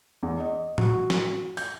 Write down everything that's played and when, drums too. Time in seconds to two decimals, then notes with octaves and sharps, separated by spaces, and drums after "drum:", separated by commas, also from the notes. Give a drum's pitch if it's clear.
0.23 E2
0.40 D#5
0.78 F#4, drum: tom A2
1.10 drum: snare
1.57 G6, drum: open hi-hat